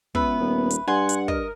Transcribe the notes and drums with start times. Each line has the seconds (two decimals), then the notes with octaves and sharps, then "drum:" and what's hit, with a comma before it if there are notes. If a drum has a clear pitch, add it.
0.15 C#2 B3 B4 E5, drum: kick
0.40 D#1
0.70 drum: hi-hat
0.88 G2 F#5 G#5 C6
1.09 drum: hi-hat
1.28 A#4 D#5, drum: kick